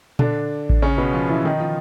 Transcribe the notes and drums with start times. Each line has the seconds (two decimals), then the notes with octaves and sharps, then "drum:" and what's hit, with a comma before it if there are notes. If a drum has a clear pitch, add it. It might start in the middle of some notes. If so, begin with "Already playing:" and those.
0.19 D3 D4, drum: tom A#2
0.69 drum: kick A1
0.82 C#3 C#4
0.98 B2 B3
1.13 F3 F4
1.29 E3 E4
1.45 D#3 D#4
1.60 F3 F4